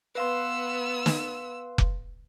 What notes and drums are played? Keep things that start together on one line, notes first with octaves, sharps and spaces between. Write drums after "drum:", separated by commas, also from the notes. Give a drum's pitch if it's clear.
B3 B4 F5 C6 E6
drum: snare
drum: kick F1